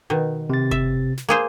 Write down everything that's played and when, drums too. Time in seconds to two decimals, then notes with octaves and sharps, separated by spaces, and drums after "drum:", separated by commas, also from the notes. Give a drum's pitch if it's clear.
0.10 B2 D#3
0.50 C3 A6
0.71 E5, drum: kick F#1
1.18 drum: snare
1.29 A#3 G#4 C5